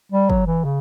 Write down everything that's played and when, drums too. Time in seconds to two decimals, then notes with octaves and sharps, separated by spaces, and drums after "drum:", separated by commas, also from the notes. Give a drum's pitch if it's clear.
0.12 G3
0.30 F#3, drum: kick
0.46 E3
0.64 C#3